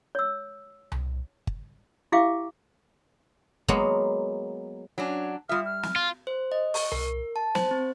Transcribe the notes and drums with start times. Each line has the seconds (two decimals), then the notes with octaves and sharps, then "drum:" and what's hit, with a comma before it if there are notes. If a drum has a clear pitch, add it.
0.15 C#5 E6
0.92 drum: tom C2
1.47 drum: kick G1
2.12 E4 G4 E5 F5 G5 D6
3.68 F#3 G#3 A#3 B3, drum: kick G1
4.98 F#3 C#4 D4
5.49 G3 F4 E5 D#6 F6
5.65 F6
5.83 drum: snare
5.96 F4
6.27 C5
6.52 D#5
6.74 C#6, drum: open hi-hat
6.92 A#4, drum: tom C2
7.36 A5
7.55 C5, drum: snare
7.71 C4